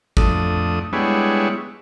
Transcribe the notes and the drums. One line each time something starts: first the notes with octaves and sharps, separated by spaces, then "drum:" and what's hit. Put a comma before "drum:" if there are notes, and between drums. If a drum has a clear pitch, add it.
F2 A3 D4 D#6, drum: kick G#1
G3 G#3 B3 D4 E4 C#5